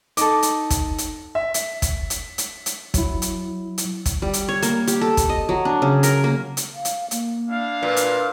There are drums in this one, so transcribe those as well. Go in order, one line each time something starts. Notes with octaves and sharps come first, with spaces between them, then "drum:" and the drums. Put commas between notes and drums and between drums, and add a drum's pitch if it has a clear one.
D#4 A4 D6, drum: hi-hat
drum: hi-hat
drum: kick, hi-hat
drum: hi-hat
E5
drum: hi-hat
drum: kick, hi-hat
drum: hi-hat
drum: hi-hat
drum: hi-hat
F#3 E4, drum: kick, hi-hat
drum: hi-hat
drum: hi-hat
drum: kick, hi-hat
G3
drum: hi-hat
C#5
A#3, drum: hi-hat
G4, drum: hi-hat
A4
drum: kick, hi-hat
D#5
F#3
D4
C#3
A#4, drum: hi-hat
A#3
drum: hi-hat
F5
drum: hi-hat
A#3, drum: hi-hat
D4 E4 F5
A#2 B4
drum: hi-hat